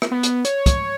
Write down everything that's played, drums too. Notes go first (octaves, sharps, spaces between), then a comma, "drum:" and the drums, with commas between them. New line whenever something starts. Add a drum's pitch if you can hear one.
drum: rim click
B3
drum: hi-hat
C#5, drum: hi-hat
drum: kick, hi-hat